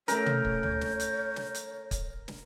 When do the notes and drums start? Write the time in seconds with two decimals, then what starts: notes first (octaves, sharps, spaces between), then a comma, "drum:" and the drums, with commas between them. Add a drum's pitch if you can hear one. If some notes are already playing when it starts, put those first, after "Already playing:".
0.08 A3 C#4 A#4 C#5 G6, drum: hi-hat
0.26 drum: tom
0.45 drum: kick
0.63 drum: tom D2
0.81 drum: snare
1.00 drum: hi-hat
1.36 drum: snare
1.55 drum: hi-hat
1.91 drum: kick, hi-hat
2.28 drum: snare